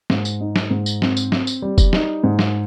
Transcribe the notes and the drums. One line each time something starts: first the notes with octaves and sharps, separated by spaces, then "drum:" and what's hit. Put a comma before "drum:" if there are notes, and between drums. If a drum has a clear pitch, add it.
G#2, drum: snare
drum: tambourine
D#4
drum: snare
G#2
drum: tambourine
C4, drum: snare
drum: tambourine
C4, drum: snare
drum: tambourine
G3
drum: kick, tambourine
D#4, drum: snare
G#2
drum: snare